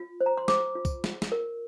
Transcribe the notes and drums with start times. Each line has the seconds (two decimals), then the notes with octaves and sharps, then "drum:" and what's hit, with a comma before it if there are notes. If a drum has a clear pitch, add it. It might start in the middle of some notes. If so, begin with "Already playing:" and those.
Already playing: F4
0.21 C5
0.26 A#5
0.37 C6
0.48 C5 D6, drum: snare
0.75 F4
0.85 drum: kick, tambourine
1.04 F4, drum: snare
1.22 drum: snare
1.32 A#4